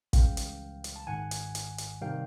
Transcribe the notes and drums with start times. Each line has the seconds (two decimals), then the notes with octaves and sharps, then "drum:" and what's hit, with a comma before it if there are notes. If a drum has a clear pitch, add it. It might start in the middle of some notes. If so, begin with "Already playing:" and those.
0.13 C#2 C#3 E3 G3 F5 G5, drum: kick, hi-hat
0.37 drum: hi-hat
0.84 drum: hi-hat
0.96 A5
1.07 G#1 G#2 D#3 F#5 G#5
1.31 drum: hi-hat
1.55 drum: hi-hat
1.78 drum: hi-hat
2.01 C3 D#3 G3 F5 G5